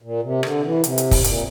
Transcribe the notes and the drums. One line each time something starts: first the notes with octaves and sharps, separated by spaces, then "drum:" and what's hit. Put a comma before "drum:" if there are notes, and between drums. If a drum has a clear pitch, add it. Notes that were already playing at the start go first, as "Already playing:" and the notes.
A#2
C3
D3, drum: rim click
E3
C3, drum: hi-hat
drum: hi-hat
drum: kick, open hi-hat
A#2, drum: hi-hat